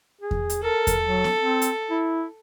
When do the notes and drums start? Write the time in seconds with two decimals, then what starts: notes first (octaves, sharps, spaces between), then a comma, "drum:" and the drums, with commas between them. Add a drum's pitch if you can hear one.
0.21 G#4
0.31 drum: kick E2
0.50 drum: hi-hat
0.63 A4 A#4
0.87 drum: kick E2, hi-hat
1.06 F#3
1.24 drum: snare B3
1.39 C4
1.62 drum: hi-hat
1.90 E4